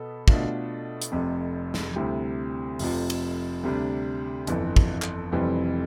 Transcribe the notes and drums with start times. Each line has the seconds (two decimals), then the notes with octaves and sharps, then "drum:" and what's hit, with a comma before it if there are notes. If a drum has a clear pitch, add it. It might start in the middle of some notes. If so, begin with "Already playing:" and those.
Already playing: B2 B3 A4
0.28 B2 A3 D4 F4, drum: kick
1.02 drum: hi-hat
1.12 F1 F2 C3
1.74 drum: snare
1.96 D2 C3 G3 C4 E4
2.79 F1 F2 C3 F3, drum: open hi-hat
3.10 drum: cymbal
3.63 D2 C3 G3 D4
4.47 G1 F2 E3, drum: hi-hat
4.76 drum: kick
5.02 drum: clap
5.32 F1 F2 E3 G3 C4